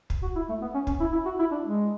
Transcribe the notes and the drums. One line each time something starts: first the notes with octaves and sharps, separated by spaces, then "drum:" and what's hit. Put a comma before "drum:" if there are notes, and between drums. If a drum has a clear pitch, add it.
drum: kick
F#4
E4
A3
B3
C#4
C#4, drum: kick
E4
E4
F#4
E4
D4
G#3